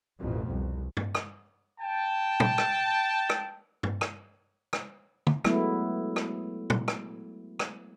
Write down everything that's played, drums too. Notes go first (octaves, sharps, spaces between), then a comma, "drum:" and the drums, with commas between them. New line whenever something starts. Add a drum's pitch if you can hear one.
A1 F2 B2
C2
drum: tom G2
drum: rim click
G5 A5
drum: tom
drum: rim click
drum: rim click
drum: tom G2
drum: rim click
drum: rim click
drum: tom D3
F#3 G#3 A3 B3 E4, drum: rim click
drum: rim click
drum: tom
drum: rim click
drum: rim click